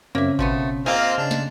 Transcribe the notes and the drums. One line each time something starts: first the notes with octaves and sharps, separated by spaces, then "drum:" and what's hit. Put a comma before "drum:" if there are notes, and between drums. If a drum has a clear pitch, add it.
F#2 C#3 A#3 C4 C#4 E5
B2 F3 A3 B3, drum: kick G#1
A#3 C4 F4 G#4 A#4 C5 D#5 F5
C#3 D4
drum: snare